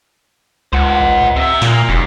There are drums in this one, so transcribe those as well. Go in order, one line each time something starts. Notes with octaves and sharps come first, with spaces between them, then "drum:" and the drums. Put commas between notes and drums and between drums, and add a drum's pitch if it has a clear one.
C#2 C5 F#5
drum: kick A1
drum: tom G#2
C3 E5
A#2 A#3, drum: snare
F1 F#2